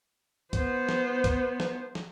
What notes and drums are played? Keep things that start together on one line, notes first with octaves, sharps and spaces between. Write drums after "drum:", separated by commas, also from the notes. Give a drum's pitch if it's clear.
B3 C5, drum: kick, hi-hat
drum: snare
drum: kick, hi-hat
drum: snare
drum: snare